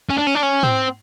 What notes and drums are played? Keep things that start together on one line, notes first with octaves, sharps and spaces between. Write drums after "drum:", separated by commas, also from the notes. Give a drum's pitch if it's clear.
C#4
D4
C#4
D4
C#4
C4, drum: tom